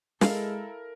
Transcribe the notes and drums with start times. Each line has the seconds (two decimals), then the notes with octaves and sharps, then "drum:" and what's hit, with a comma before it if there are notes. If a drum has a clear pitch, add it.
0.21 G#3 E4 A4 A#4 F5, drum: snare